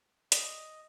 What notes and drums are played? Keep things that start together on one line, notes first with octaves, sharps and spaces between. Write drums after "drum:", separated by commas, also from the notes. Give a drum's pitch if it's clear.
D5 D#5, drum: hi-hat